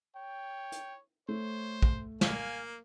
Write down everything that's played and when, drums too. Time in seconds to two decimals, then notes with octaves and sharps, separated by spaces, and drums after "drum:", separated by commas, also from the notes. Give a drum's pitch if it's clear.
0.16 C#5 G5
0.72 drum: hi-hat
1.29 A3 C5 C#5
1.82 drum: kick A#1
2.21 A#3 F5 G#5, drum: snare